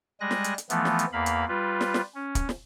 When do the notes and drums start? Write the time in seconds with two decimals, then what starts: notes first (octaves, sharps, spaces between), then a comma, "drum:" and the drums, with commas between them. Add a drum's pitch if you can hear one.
0.21 G3 G#3 G#5 F#6 A#6
0.31 drum: snare
0.44 drum: hi-hat
0.58 drum: hi-hat
0.70 E3 F3 A3 B3, drum: hi-hat
0.85 drum: snare
0.99 drum: hi-hat
1.12 E2 A#3 F5 B5
1.26 drum: hi-hat
1.48 G3 F4 B4
1.81 drum: snare
1.94 drum: snare
2.15 C#4
2.35 drum: kick, hi-hat
2.49 drum: snare